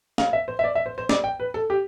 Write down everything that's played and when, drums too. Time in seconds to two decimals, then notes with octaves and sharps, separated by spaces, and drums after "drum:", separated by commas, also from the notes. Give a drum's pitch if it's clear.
0.18 F5, drum: snare
0.33 E5
0.48 C5
0.59 E5
0.64 D5
0.75 E5
0.86 C5
0.98 C5
1.09 D5, drum: snare
1.24 G5
1.40 B4
1.54 A4
1.70 G4